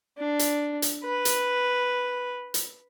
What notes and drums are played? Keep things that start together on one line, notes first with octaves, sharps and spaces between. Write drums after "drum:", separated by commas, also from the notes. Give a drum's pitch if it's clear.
D4
drum: hi-hat
drum: hi-hat
B4
drum: hi-hat
drum: hi-hat